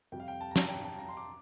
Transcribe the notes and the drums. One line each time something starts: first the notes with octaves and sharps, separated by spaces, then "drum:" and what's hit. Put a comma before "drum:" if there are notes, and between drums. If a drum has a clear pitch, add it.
F2 C3 G3 G5
F5
G5
A5
A#5
A5, drum: snare
G5
A5
A#5
C6
D6